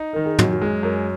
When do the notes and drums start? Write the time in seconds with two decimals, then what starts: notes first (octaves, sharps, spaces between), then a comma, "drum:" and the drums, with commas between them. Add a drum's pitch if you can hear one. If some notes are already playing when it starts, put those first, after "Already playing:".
Already playing: D#4
0.13 D#3 A#4
0.26 G#4
0.39 F#2 F#4, drum: tom
0.53 F#4
0.61 G#3 G#4
0.83 F#2 A#4